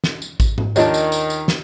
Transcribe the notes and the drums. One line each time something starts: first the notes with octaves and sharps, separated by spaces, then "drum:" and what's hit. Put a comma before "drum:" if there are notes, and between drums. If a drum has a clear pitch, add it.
drum: snare
drum: tambourine
drum: kick A1, tambourine
drum: tom G#2
D#2 D#3 F3 D4 C#5 D#5, drum: tambourine
drum: tambourine
drum: tambourine
drum: tambourine
drum: snare